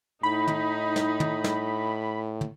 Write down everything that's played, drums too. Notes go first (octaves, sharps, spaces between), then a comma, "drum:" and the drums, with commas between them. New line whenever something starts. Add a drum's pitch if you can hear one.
A2 D#4 B5
drum: tom
drum: snare
drum: tom
drum: snare
drum: tom